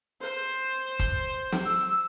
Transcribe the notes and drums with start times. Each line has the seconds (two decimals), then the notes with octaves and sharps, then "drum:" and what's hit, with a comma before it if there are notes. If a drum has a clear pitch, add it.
0.20 C5
0.99 drum: kick
1.52 drum: snare
1.65 E6